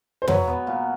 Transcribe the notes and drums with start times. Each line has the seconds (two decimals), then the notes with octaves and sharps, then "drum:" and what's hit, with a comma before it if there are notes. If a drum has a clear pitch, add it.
0.22 C5
0.28 F#3 B4 C#5, drum: tom
0.47 B3
0.67 A#2